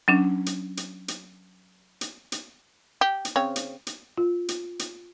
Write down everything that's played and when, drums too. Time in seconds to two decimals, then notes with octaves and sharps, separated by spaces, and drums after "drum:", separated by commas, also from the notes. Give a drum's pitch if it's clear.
0.08 F#3 C#4 D4
0.46 drum: hi-hat
0.77 drum: hi-hat
1.08 drum: hi-hat
2.01 drum: hi-hat
2.32 drum: hi-hat
3.01 G4
3.25 drum: hi-hat
3.36 C#3 C4 C#5
3.56 drum: hi-hat
3.87 drum: hi-hat
4.18 F4
4.48 drum: hi-hat
4.79 drum: hi-hat